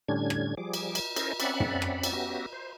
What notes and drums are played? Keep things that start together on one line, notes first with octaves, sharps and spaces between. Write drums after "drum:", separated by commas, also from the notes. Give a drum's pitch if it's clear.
A2 D3 G3 C#4 D4 G#6
drum: rim click
F3 G3 G#4 D6
drum: cymbal
drum: cymbal
C#4 E4 A4 A#4 C5 D#5, drum: cymbal
C4 C#4 D5 E5 F#5 B5, drum: cymbal
drum: tom
drum: rim click
drum: cymbal
B3 C#4 F#4 G4 E5 A#6
C5